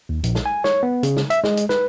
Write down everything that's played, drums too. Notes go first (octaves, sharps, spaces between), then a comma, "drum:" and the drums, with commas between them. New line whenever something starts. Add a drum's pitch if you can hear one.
D#2
A#1, drum: hi-hat
drum: snare
G#5
C#5, drum: snare
B3
C#3, drum: hi-hat
drum: snare
E5, drum: hi-hat
G#3, drum: snare
drum: hi-hat
B4, drum: snare